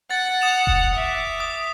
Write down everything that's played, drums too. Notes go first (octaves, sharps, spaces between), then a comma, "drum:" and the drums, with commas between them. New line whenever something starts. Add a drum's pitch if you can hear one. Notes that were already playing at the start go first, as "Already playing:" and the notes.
F#5 A6
D#6 E7 F7
drum: kick E1
E5 D6
D#6